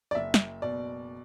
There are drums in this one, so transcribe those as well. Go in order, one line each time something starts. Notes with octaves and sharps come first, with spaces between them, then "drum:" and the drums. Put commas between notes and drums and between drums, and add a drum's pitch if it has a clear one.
D5
F#1 E5
drum: snare
B2 D5